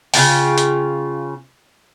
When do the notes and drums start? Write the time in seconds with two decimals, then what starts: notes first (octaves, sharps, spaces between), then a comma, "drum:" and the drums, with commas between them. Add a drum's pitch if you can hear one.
0.14 C#3 B3 F4 G5, drum: open hi-hat
0.58 drum: hi-hat